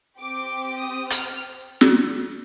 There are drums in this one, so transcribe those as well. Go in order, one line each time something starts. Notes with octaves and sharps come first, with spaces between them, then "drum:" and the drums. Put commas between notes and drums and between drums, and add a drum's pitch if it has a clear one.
C4 G4 D6
D#6
F6, drum: hi-hat
drum: snare